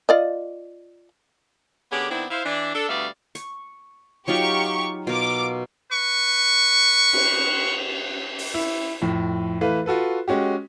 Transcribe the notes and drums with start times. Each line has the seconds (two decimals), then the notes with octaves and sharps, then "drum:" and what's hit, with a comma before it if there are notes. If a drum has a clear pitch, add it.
0.09 F4 D5 D#5
1.92 D3 B3 C#4 G4 G#4 D5
2.11 D#3 B3 C4 D4 E4
2.30 E4 C5 F5
2.45 E3 D4
2.74 D4 A4
2.89 D2 G3 B3 D5 E5 F5
3.35 C#6, drum: hi-hat
4.28 F#3 D#4 F4 G4 C#6
5.07 B2 F4 A#4 D6
5.91 B4 C#6
7.13 drum: cymbal
8.39 drum: open hi-hat
8.54 E4
9.02 F2 A2
9.61 E3 A3 B4 F5
9.86 F4 F#4 A4 B4
10.28 G#3 C#4 F#4 G4